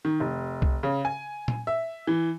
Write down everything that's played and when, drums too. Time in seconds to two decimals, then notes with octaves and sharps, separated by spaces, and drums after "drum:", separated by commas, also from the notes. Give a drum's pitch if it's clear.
0.05 D#3
0.20 F1
0.62 drum: kick C2
0.83 C#3
1.05 G#5
1.48 drum: tom
1.67 E5
2.07 E3